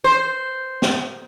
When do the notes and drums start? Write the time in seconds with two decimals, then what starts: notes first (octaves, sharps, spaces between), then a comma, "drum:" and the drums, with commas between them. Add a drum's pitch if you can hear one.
0.04 C5
0.82 drum: snare